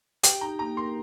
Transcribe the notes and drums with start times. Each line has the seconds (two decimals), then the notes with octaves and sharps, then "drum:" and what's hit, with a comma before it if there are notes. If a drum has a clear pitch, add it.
0.23 G4 G5, drum: hi-hat
0.41 D#4 A#5
0.59 A#3 A#5
0.77 A#4 C6